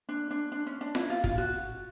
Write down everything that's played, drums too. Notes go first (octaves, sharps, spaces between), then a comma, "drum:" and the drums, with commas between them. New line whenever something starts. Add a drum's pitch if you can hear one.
D4
D4
D4
C#4
D4
E4, drum: snare F4
F4
F4, drum: kick
F#4